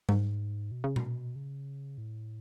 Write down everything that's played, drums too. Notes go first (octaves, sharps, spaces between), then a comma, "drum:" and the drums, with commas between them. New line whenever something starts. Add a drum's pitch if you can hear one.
G#2, drum: tom G3
B2
C#3
B2, drum: tom A#2
C#3
A2